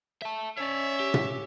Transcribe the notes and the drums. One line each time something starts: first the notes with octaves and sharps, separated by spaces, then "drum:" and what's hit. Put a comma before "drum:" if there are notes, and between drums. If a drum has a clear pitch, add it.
E5 A5
C#4 C#5 D5 E5
G4
drum: tom